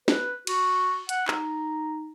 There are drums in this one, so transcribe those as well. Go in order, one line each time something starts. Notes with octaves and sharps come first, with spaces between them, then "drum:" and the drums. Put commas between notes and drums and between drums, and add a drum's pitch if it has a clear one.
B4, drum: snare
F#4, drum: cymbal
F#5, drum: hi-hat
D#4, drum: clap